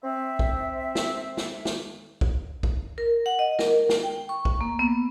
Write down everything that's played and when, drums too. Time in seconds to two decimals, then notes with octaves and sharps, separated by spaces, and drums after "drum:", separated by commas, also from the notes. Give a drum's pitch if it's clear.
0.04 C4 E5
0.39 drum: kick B1
0.95 drum: snare
1.37 drum: snare
1.65 drum: snare
2.21 drum: kick B1
2.63 drum: kick B1
2.98 A#4
3.26 F#5
3.39 D#5
3.59 A#4, drum: snare
3.89 drum: snare
4.03 G5
4.29 C#6
4.45 drum: kick B1
4.61 A#3
4.79 B3